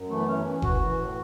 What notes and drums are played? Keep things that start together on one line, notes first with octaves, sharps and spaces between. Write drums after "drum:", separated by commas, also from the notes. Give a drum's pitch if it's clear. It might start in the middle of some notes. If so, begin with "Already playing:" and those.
Already playing: F#2
E3 A3
B3
E3 C#4
E3
E3 F#4, drum: kick F#1
E3
A2